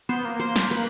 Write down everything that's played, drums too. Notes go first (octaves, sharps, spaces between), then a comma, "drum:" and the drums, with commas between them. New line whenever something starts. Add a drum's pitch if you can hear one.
B3 C5
A#3
C5
drum: snare
B4, drum: hi-hat